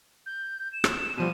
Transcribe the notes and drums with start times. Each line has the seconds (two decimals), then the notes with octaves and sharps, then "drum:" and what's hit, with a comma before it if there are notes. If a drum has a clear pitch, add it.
0.26 G6
0.72 E7
0.84 drum: rim click
1.17 B2 F3 G3 D#7